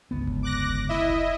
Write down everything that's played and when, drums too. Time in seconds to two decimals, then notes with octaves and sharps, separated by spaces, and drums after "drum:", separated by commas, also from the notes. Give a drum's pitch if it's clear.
0.11 G1 C#2 B3
0.27 drum: kick F1
0.43 D6 F#6 A#6
0.69 drum: kick F1
0.89 E4 D#5 E5
1.10 drum: kick F1